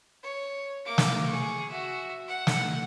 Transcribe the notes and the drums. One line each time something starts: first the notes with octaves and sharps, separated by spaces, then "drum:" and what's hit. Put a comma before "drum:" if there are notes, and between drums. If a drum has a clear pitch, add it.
C#5
A#3 D6
drum: snare
G#4 C#6
F#4 E5
F#5
drum: snare